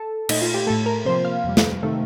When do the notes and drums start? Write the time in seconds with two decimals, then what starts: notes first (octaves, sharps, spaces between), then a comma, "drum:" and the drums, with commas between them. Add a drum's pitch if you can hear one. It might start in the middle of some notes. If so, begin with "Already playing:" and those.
Already playing: A4
0.29 A#2 A3 D#4, drum: cymbal
0.42 F4
0.54 G4
0.67 A2 A3 A4
0.86 A#4
1.05 C3 F3 A#3 C5
1.25 F5
1.44 F2 C3 G3
1.57 drum: snare
1.83 C3 D#3 A3